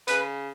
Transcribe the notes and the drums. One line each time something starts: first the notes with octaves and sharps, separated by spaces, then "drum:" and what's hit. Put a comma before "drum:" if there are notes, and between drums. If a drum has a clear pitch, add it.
C#3 B4, drum: hi-hat